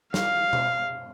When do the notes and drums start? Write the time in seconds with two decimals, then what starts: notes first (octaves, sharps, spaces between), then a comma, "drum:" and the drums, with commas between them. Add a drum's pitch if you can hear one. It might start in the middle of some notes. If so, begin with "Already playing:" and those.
0.14 F5, drum: snare
0.53 drum: tom B2